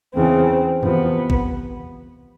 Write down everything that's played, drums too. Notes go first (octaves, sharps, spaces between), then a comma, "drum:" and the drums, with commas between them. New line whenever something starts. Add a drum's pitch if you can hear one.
E2 C#3 E3 C4
E2 C3 F3 B3, drum: tom E2
drum: kick